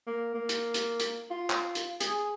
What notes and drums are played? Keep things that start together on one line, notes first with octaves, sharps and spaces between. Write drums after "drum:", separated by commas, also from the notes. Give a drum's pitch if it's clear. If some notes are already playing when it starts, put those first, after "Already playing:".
A#3
A#3
drum: hi-hat
drum: hi-hat
drum: hi-hat
F4
drum: clap
drum: hi-hat
G#4, drum: hi-hat